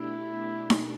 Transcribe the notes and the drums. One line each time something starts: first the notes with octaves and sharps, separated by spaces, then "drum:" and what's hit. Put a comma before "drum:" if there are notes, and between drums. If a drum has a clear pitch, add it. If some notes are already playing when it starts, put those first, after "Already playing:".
Already playing: B2 A3 D4 E4 G4
drum: snare D#4